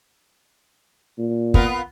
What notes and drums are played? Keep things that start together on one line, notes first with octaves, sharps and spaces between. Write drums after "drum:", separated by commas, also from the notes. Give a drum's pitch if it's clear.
A#2
B3 F4 A#4, drum: kick